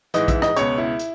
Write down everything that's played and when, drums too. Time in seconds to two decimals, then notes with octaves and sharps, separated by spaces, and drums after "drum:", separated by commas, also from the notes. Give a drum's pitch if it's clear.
0.14 G#2 E3 D#5, drum: hi-hat
0.28 E5, drum: kick A#1, hi-hat
0.42 D#5, drum: rim click
0.56 C#2 B2 C#5, drum: hi-hat
0.78 E4
0.99 drum: hi-hat